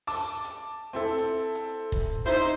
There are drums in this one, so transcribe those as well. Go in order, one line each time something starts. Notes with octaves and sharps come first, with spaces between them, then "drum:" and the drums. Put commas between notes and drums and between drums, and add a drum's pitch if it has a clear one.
A5 D6, drum: open hi-hat
drum: hi-hat
C4 E4 A4
drum: hi-hat
drum: hi-hat
drum: kick, hi-hat
D#4 E4 C5